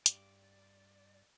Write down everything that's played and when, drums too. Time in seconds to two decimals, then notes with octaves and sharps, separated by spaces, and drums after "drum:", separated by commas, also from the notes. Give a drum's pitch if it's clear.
0.06 G2 D5, drum: hi-hat